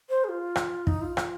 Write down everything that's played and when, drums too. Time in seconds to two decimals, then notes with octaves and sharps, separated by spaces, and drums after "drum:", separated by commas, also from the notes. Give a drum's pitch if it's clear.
0.09 C5
0.24 G#4
0.29 F4
0.56 drum: rim click
0.87 D#4, drum: kick
1.02 F4
1.17 drum: rim click